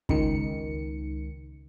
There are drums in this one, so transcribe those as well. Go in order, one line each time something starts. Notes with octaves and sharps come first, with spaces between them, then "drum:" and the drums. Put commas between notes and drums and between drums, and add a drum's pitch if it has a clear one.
C#2 D#3 C#7, drum: kick